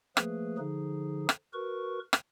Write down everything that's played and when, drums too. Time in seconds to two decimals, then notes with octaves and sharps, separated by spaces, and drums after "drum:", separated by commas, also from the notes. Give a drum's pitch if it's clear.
0.17 F3 A3 A#3 G#4 B4, drum: rim click
0.58 D3 F3 D#4 G#4
1.29 drum: rim click
1.53 F#4 A#4 B4 C#6
2.13 drum: rim click